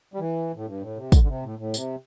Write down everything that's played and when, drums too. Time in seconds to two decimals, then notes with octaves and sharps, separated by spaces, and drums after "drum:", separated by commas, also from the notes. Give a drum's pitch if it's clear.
0.14 G3
0.19 E3
0.55 A2
0.66 G2
0.82 A2
0.97 C3
1.12 D3, drum: kick, tambourine
1.22 D3
1.28 C3
1.43 A2
1.59 A2
1.74 C3, drum: tambourine